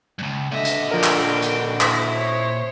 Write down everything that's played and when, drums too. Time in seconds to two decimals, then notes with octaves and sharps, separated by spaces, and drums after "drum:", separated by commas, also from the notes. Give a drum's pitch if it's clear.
0.19 C#2 G2
0.52 A#2 D3 F#4 D#5 E5
0.65 drum: hi-hat
0.91 F3 D4 A#4 G5
1.03 drum: clap
1.42 drum: hi-hat
1.81 E4 D#6 A#6 B6, drum: clap
2.14 C5 C#5